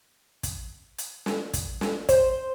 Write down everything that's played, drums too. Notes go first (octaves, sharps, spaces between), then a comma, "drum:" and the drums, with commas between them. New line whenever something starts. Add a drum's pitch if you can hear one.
drum: kick, hi-hat
drum: hi-hat
drum: snare
drum: kick, hi-hat
drum: snare
C5, drum: kick, hi-hat